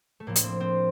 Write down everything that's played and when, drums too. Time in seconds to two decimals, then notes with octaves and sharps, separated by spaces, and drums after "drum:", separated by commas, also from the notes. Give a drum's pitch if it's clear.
0.20 A3
0.27 A2 F3 A#3
0.36 D4, drum: hi-hat
0.43 C4
0.60 C4